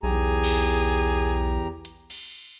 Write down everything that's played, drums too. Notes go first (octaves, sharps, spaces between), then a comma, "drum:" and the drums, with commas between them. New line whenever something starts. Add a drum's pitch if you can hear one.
B1 E2 G4 G#4 A#5
drum: cymbal
drum: hi-hat
drum: cymbal